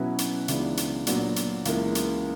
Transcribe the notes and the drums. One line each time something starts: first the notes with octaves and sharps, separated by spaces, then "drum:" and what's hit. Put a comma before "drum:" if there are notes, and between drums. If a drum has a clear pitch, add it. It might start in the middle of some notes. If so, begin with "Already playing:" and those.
Already playing: B2 F#3 C#4 E4 B4
drum: hi-hat
C#2 C#3 E3 B3 D4, drum: hi-hat
drum: hi-hat
A#2 F#3 B3 D4 F#4, drum: hi-hat
drum: hi-hat
C#2 C#3 E3 A#3, drum: hi-hat
drum: hi-hat